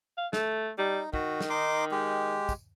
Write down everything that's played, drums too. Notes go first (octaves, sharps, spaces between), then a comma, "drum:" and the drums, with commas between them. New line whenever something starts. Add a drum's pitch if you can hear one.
F5
A3, drum: snare
G3 D#4
D#3 F#4, drum: kick
drum: snare
D#4 C6 D6
G#3 G4
drum: kick, tambourine